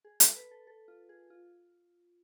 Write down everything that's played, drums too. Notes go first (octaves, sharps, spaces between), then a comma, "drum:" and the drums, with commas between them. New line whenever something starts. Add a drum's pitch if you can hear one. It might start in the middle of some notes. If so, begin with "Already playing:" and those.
G#4
A4, drum: hi-hat
B4
A4
A4
F4
G#4
F4